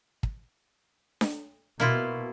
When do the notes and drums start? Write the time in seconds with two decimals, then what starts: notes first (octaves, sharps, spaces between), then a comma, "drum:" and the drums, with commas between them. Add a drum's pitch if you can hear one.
0.23 drum: kick
1.21 drum: snare D4
1.80 B2 A#3 E4 F4